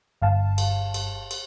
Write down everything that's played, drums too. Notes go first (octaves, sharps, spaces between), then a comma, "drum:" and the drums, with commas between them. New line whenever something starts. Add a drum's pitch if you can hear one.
G1 F5 A5
drum: cymbal
drum: cymbal
drum: cymbal